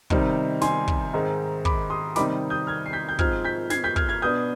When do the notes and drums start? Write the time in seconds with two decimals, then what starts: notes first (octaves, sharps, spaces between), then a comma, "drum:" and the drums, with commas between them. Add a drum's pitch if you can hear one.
0.10 C3 D#3 G3 C4 D#4, drum: kick
0.61 G#5 C6, drum: snare
0.88 drum: kick
1.13 G#2 D#3 G#3 C4 D#4
1.65 B5 D6, drum: kick
1.90 C6 D#6
2.16 C3 D#3 G3 C4 D#4 B5 D6, drum: snare
2.50 D#6 G6
2.67 F6 G#6
2.86 C7
2.93 G6 B6
3.09 G6
3.19 G#2 F3 C4 F6 G#6, drum: kick
3.45 G6 B6
3.70 G#6 C7, drum: snare
3.84 G6 B6
3.96 F6 G#6, drum: kick
4.09 F6 G#6
4.22 B2 B3 D4 D#6 G6